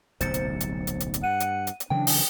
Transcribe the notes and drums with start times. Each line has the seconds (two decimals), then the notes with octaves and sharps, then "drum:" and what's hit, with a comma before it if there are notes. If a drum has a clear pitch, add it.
0.21 D1 B1 C3 C5 A6 C#7, drum: hi-hat
0.34 drum: hi-hat
0.60 drum: hi-hat
0.87 drum: hi-hat
1.00 drum: hi-hat
1.14 drum: hi-hat
1.24 G2 F#5 D#7
1.40 drum: hi-hat
1.67 drum: hi-hat
1.80 drum: hi-hat
1.90 C#3 E3 F#3 D4 G5
2.07 drum: open hi-hat